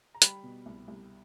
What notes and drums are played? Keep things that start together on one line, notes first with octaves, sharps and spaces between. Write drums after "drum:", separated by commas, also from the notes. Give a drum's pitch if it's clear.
A#5
G3 B5, drum: hi-hat
B2
C2
C2